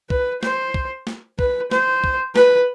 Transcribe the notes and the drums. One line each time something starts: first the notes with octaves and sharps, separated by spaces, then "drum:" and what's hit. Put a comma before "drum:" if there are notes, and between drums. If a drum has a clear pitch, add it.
B4, drum: kick
C5, drum: snare
drum: kick
drum: snare
B4, drum: kick
C5, drum: snare
drum: kick
B4, drum: snare